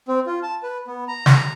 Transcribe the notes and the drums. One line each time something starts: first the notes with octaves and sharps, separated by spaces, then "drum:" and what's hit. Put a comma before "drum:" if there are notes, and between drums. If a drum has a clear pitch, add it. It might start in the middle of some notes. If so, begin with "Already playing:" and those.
C4
F4
A5
B4
B3
A#5
drum: snare